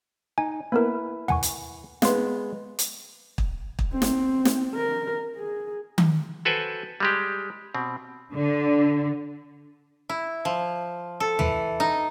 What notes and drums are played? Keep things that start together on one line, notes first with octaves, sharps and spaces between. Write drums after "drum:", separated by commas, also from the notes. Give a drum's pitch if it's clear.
D#4 G#5
A#3 B3 E4 A#4 B4
F#5 G#5 C#6, drum: tom
drum: hi-hat
G#3 B3 F5 C6, drum: snare
drum: hi-hat
drum: kick
drum: kick
C4
drum: snare
drum: snare
A#4
G#4
drum: tom D#3
F#4 A4 B4 C5 G5 G#5
G3 G#3 G4
B2 C4
D3
E4
F3
A4
E3, drum: tom
D#4